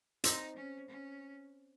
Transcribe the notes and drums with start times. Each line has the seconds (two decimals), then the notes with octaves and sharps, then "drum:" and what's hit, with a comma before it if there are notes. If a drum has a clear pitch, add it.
0.24 C4 D#4, drum: hi-hat
0.56 C#4
0.88 C#4